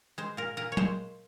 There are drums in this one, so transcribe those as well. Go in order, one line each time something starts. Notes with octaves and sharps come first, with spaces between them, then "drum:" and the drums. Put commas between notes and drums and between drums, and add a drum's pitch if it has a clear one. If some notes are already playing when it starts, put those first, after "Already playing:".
G#3 C5
A#2 A#4
A#2 A#4
C#5
G#3 C5, drum: tom F#3